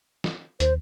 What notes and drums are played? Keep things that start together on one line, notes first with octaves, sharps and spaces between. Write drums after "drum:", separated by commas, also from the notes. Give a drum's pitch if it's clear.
drum: snare
D#2 C5, drum: hi-hat